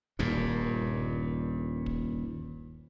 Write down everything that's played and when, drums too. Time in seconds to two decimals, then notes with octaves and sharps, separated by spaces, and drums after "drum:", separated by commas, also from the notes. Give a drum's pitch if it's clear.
0.19 D#1 G2 A#2
0.31 drum: kick
1.86 drum: kick